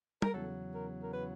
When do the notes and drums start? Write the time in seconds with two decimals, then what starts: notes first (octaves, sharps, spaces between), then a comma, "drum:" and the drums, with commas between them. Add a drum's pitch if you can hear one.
0.22 A#4, drum: tom
0.33 E2 C#3 F#3 A4
0.74 A#4
1.02 A#4
1.13 B4